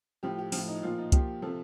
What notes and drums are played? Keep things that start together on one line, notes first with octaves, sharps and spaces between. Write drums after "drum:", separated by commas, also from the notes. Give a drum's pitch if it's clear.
A2 F3 G4
G4
A2 F3 F4, drum: open hi-hat
D#4
A#2 F3 F4
D#4
A#2 F3 G4, drum: kick, hi-hat
C3 F3 A4